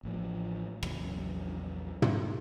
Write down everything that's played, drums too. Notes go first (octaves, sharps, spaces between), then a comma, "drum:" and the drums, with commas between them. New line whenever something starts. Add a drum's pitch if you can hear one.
A1 A2 F3
A#1 E2 C#3 F#3, drum: rim click
drum: tom